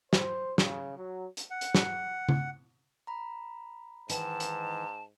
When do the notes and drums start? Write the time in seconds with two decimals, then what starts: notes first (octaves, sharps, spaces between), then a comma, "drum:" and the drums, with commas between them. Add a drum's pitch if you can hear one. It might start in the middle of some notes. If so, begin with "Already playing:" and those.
0.13 C5, drum: snare
0.58 C#3, drum: snare
0.98 F#3
1.37 drum: hi-hat
1.50 F#5
1.61 drum: hi-hat
1.75 drum: snare
2.29 drum: tom C#3
3.07 A#5 B5
4.10 G#2 D#3 E3 A5, drum: hi-hat
4.40 drum: hi-hat